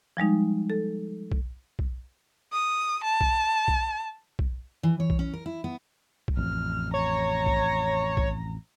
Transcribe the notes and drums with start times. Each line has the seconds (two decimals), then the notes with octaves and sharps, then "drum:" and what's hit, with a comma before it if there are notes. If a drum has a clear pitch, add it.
0.17 F3 G3 G#3 D#4
0.70 A4
1.32 drum: kick B1
1.79 drum: kick B1
2.53 D#6
3.04 A5
3.21 drum: kick B1
3.68 drum: kick B1
4.39 drum: kick B1
4.83 E3
5.00 C#5
5.10 drum: kick B1
5.19 C#4
5.34 A#4
5.46 E4
5.64 B3
6.28 drum: kick B1
6.37 A1 F2 F6
6.94 C#5 A#5
7.46 drum: kick B1
8.17 drum: kick B1